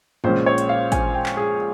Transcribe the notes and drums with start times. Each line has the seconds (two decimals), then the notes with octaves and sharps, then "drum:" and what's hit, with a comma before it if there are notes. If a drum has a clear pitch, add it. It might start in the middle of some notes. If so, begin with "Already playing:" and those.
0.24 A#1 A#2 G#3 C#4 C5, drum: tom
0.46 C#5
0.58 drum: hi-hat
0.69 F5
0.92 G#5, drum: kick, hi-hat
1.14 G5
1.26 drum: clap
1.37 G#4